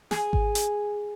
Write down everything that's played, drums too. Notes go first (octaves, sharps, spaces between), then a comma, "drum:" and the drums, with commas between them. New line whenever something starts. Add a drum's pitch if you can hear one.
G#4, drum: snare
drum: kick G#1
drum: hi-hat